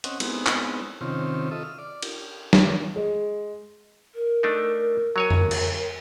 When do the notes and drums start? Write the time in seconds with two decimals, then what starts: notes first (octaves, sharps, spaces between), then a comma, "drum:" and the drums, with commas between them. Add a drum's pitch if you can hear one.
0.04 C4 C#4 D#5 F#5, drum: hi-hat
0.20 G#3 B3 C4 D#4 E4, drum: cymbal
0.46 drum: clap
1.01 C3 D#3 C4 C#4 F4
1.51 F4 A4 D#5 E5
1.63 F6
1.78 D5
2.03 drum: cymbal
2.53 drum: snare
2.96 G#3
4.15 A#4
4.43 A3 D4 D#4
5.16 F#3 C#5 G#5
5.30 drum: tom F2
5.51 drum: cymbal